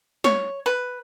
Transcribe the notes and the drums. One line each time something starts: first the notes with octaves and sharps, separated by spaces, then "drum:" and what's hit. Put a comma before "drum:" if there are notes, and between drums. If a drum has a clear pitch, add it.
C#5, drum: snare
B4